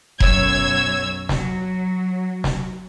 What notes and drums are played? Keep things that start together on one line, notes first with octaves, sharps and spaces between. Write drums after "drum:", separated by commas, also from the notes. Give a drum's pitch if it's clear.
B1 F#2 C#5 E6 G#6, drum: kick F1
F#3, drum: snare
drum: snare